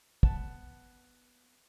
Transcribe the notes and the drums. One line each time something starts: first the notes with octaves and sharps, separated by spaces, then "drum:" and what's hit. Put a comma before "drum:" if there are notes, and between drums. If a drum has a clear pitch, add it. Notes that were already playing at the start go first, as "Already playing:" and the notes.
B3 A5, drum: kick